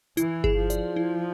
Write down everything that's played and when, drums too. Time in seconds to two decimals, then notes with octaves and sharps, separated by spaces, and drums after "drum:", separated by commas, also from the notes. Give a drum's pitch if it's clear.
0.17 E3 E4, drum: hi-hat
0.44 G#4, drum: kick G1
0.56 F3
0.70 D5, drum: hi-hat
0.96 E4